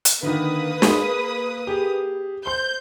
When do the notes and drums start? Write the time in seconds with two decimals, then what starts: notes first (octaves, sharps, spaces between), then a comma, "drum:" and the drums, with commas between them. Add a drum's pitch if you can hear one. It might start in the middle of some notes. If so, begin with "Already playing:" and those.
0.05 drum: hi-hat
0.23 D3 D#3 A#3 B4 D#6
0.82 G#4 B5, drum: snare
1.67 G4 G#4
2.46 C5 C6 G6